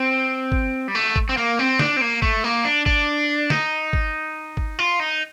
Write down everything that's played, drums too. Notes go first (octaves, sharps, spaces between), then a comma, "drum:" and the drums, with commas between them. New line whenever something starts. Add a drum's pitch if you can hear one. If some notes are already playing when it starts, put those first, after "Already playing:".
Already playing: C4
drum: kick
G3
A3
drum: kick
C4
A#3
C4
D4, drum: snare
C4
A#3
A3, drum: kick
A#3
D4
D4, drum: kick
D#4, drum: snare
drum: kick
drum: kick
F4
D#4